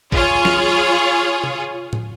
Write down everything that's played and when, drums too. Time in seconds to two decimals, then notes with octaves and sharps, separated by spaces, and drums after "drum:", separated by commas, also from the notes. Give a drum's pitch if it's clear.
0.12 F4 G#4 C#5, drum: kick A1
0.45 drum: snare
1.44 drum: tom
1.93 drum: tom A2